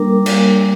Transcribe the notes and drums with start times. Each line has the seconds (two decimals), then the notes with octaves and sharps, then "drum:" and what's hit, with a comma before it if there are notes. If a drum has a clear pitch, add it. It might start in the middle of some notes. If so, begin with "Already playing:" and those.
Already playing: G3 A#3 D4 A#4
0.26 drum: cymbal